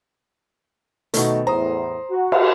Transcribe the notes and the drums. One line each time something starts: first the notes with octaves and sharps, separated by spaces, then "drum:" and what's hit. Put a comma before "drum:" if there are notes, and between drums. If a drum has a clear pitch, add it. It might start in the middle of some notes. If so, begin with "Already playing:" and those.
B2 D#3 A3 D#4 F#4, drum: hi-hat
E2 A2 C5 A#5 D#6
F#4
drum: cymbal